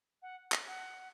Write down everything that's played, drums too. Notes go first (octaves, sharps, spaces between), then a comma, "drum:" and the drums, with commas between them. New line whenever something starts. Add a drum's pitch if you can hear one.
F#5
drum: clap
F#5